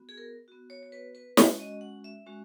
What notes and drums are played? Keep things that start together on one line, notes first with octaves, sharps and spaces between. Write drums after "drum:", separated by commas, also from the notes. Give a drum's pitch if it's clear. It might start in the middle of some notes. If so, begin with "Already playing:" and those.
Already playing: B3 F#4
G#4
A#4
B3 F#4
C#5
C#5
B4
B4
G#3 C#4 F#4 C#5, drum: snare
D#5
F#5
E5
G#3 C#4 F#4